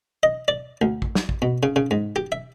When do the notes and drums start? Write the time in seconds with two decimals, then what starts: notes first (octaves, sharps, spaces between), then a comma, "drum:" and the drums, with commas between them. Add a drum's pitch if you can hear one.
0.23 D#5
0.48 D5
0.82 D2
1.02 drum: kick A1
1.15 drum: snare
1.29 drum: kick A1
1.42 B2
1.63 C#3
1.76 C#3
1.91 G#2
2.16 G4
2.32 E5